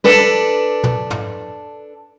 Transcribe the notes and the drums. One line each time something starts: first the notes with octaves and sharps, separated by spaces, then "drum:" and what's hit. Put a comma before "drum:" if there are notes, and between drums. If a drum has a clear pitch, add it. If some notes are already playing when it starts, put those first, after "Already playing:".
D4 A4 B4, drum: snare
drum: tom
drum: tom